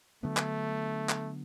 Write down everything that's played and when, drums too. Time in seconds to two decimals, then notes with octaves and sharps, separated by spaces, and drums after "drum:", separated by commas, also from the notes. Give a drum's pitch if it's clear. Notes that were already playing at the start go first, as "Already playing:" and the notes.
0.23 D3 F#3 A3 B3 D4
0.37 drum: clap
1.09 drum: clap